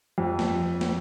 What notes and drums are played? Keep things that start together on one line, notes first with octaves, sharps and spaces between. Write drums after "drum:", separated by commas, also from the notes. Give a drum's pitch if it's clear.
F2
drum: snare
drum: snare